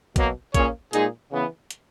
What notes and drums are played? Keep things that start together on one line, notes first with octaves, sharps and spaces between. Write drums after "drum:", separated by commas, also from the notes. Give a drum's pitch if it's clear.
B2 F#3 A#3, drum: kick, hi-hat
A#2 A#3 C#4 G#4 C#5, drum: kick, hi-hat
A#2 G#3 D#4 G#4, drum: hi-hat
C#3 E3 B3
drum: hi-hat